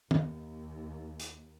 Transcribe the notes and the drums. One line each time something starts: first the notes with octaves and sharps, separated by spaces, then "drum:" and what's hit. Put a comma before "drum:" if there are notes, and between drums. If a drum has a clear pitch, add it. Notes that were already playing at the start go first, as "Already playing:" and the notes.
D#2, drum: tom
drum: hi-hat